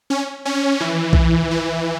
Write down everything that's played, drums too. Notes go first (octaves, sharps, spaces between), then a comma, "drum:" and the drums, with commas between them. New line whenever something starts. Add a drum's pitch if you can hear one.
C#4
C#4
E3
drum: kick B1
E3